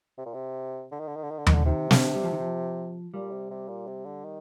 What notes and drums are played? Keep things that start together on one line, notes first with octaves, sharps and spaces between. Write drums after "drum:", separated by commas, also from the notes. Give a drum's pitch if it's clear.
C3
A#2
C3
D3
D#3
D3
D#3
D3
D#3
D3
D#3, drum: tom D#2
D3
C3 D#3
D3, drum: snare
G3
F3
D#3
F3
A#2 G3
C3
C3
A#2
C3
D3
D#3